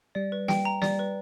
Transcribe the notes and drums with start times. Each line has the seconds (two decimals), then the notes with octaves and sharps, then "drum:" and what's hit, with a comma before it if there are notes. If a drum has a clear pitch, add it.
0.15 G3 D5
0.32 B4
0.48 G3 G5, drum: snare
0.65 A#5
0.82 G3 D5, drum: snare
0.99 B4